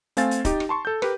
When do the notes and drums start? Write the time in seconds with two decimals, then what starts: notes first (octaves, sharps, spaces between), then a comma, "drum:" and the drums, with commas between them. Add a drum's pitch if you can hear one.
0.17 A3 C4 F5 G#5 A6, drum: hi-hat
0.31 drum: hi-hat
0.45 D#4 G4, drum: kick, hi-hat
0.60 drum: rim click
0.69 A5 C6 C#6
0.85 A4 G6
1.02 G4 A#4 B4, drum: rim click